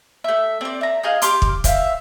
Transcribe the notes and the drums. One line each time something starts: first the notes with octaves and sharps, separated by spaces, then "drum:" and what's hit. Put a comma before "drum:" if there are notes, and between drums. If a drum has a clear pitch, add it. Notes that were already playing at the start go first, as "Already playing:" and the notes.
A3 E5
C4 D5
E5 A#5
D#4 G#4 D#5 F5
G4 C6 D6 F6, drum: hi-hat
drum: kick
C5 E5 F5, drum: kick, hi-hat